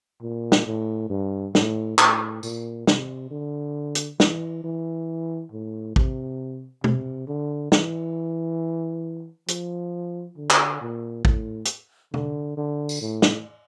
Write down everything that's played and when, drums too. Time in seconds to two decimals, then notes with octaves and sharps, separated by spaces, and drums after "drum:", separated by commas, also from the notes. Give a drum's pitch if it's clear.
0.22 A#2
0.52 drum: snare
0.67 A2
1.10 G2
1.55 A2, drum: snare
1.98 A2, drum: clap
2.43 A#2, drum: tambourine
2.87 C3, drum: snare
3.30 D3
3.95 drum: hi-hat
4.20 E3, drum: snare
4.64 E3
5.52 A2
5.96 C3, drum: kick
6.84 C3, drum: tom
7.27 D3
7.72 E3, drum: snare
9.48 F3, drum: hi-hat
10.37 D3
10.50 drum: clap
10.81 A#2
11.25 A2, drum: kick
11.65 drum: hi-hat
12.14 D3, drum: tom
12.57 D3
12.89 drum: tambourine
13.01 A2
13.22 drum: snare